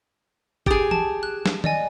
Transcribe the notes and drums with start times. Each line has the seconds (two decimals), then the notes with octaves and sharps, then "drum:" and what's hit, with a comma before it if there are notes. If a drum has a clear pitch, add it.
0.66 G4 G#4 D#6 A6 D7, drum: kick G1
0.91 A5, drum: tom E3
1.23 F#6
1.46 drum: snare
1.64 D5 D#5 G#5, drum: tom D#3